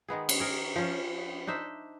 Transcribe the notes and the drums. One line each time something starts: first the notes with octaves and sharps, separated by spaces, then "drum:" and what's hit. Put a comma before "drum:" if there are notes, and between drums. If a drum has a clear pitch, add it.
D#3 G#3 B3 G#4
drum: cymbal
G#4 A#4
F3 C#4 F4
D4 D#4 C5 E5